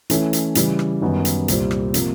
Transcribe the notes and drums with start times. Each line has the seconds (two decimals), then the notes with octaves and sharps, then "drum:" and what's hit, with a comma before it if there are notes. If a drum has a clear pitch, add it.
0.10 E3 A3 C#4 E4, drum: hi-hat
0.33 drum: hi-hat
0.55 C#3 E3 G3, drum: hi-hat
0.79 drum: rim click
1.02 F#2 D#3 G3 B3
1.25 drum: hi-hat
1.48 C2 A#2 G3 C4, drum: hi-hat
1.71 drum: rim click
1.94 C3 F3 A#3, drum: hi-hat